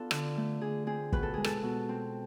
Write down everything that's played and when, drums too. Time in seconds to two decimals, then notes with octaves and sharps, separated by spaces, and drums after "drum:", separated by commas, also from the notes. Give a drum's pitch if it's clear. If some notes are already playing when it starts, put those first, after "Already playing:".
Already playing: B3 D4 F4 A4
0.11 D3, drum: rim click
0.37 A3
0.61 D3 G#4
0.86 C4 G#4
1.12 B2 B4, drum: kick
1.23 A4
1.34 G#3 G#4
1.44 A4, drum: rim click
1.63 B2
1.89 C4